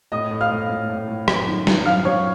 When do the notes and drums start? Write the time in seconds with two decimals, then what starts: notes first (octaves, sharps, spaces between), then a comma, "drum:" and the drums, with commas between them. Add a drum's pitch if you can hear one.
0.12 A2 D#5 D#6
0.31 A2
0.41 F5 F6
0.51 A2
0.69 A2
0.89 A2
1.08 A2
1.28 F#2, drum: rim click
1.47 D#3
1.67 D#3, drum: snare
1.86 F#2 F5 F6
2.05 F#2 C#5 C#6